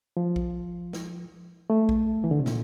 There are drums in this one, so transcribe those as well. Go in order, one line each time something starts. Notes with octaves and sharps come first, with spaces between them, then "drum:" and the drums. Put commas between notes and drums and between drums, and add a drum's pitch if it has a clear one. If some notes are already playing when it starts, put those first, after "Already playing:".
F3
drum: kick A#1
drum: snare
A3
drum: kick A#1
E3
D3
C3
A#2, drum: snare